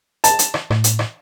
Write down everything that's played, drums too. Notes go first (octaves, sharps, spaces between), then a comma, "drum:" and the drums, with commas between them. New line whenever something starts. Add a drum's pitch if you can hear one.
A5, drum: hi-hat
drum: hi-hat
drum: rim click
A2, drum: rim click
drum: hi-hat
drum: rim click